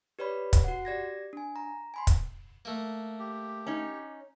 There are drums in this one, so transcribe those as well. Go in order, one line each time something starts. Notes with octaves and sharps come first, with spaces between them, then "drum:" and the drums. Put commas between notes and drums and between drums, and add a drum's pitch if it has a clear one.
G4 B4 C#5 D5 B5
drum: kick, hi-hat
F#4 F#5
G4 D5 G#6 A#6
D4 G#5
A#5
G#5 B5 C6
drum: kick, hi-hat
A3 A#3
G4
C#4 D#4